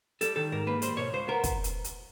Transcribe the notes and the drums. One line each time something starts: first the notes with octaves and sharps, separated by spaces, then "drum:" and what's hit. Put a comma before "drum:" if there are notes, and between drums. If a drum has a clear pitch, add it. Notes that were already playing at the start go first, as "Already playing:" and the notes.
G3 A4, drum: hi-hat
D#3 A4
G#2 A#4
A#3 B4
G3 C5, drum: hi-hat
B2 C#5
C#2 C5
B3 A#4
drum: kick, hi-hat
drum: hi-hat
drum: hi-hat